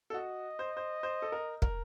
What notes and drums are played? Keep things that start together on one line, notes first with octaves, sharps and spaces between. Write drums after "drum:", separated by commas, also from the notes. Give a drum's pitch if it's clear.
A4
F#4 D#5
C5
C5
C5
A4
A#4
A#4, drum: kick